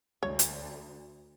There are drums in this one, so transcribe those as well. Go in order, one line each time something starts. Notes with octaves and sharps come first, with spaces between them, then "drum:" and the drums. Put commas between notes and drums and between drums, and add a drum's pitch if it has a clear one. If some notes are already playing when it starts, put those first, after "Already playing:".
D2 C#5
drum: hi-hat